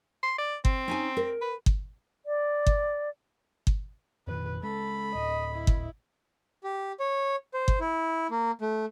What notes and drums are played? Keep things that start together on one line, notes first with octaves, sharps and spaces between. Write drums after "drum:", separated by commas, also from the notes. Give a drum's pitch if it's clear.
C6
D5
C4, drum: kick G1
C#4 D#4 G#5
A#4
B4
drum: kick G1
D5
drum: kick G1
drum: kick G1
F2 A#2 D#3 B4
G#3 C#4 A4 B5
D1 D#5
E4
drum: kick G1
G4
C#5
C5
drum: kick G1
E4
A#3
A3